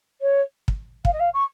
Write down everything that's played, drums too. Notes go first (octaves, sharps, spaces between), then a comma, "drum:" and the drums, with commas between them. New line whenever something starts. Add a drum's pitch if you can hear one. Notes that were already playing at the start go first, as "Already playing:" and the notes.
C#5
drum: kick
F5, drum: kick
D#5
F5
C#6